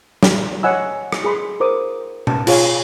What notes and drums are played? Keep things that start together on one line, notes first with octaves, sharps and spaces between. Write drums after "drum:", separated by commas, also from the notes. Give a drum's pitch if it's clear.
drum: snare
C#5 D#5 F#5 G#5 B5 E6
drum: rim click
G#4 B5 C6
A#4 C5 D6 D#6
A5, drum: tom B2
F4 G#4 C#5 F5 G#5, drum: cymbal